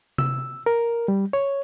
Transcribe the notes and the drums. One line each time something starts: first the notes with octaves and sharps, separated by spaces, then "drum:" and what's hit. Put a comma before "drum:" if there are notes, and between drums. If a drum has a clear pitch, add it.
E6, drum: tom C3
A#4
G3
C#5